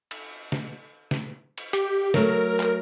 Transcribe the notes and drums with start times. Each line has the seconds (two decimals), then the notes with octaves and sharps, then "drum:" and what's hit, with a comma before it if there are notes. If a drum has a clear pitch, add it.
0.11 drum: cymbal
0.52 drum: snare
1.11 drum: snare
1.58 drum: cymbal
1.73 G4, drum: hi-hat
2.14 F#3 A3 A#4, drum: snare
2.60 drum: clap